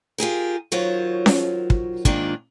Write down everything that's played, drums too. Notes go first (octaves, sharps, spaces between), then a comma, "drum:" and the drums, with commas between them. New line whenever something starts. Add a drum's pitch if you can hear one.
F4 G4 G#4 A#4
D#3 F#3 F4 A#4 C5 C#5
drum: snare C#4
drum: kick
G#2 D#3 A#3 D4 F4, drum: kick